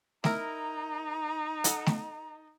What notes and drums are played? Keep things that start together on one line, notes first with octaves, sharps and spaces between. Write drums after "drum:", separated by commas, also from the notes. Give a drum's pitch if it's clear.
D#4 E4 A#4 A#5, drum: snare A3
A4 D#5 F#5, drum: hi-hat
drum: snare A3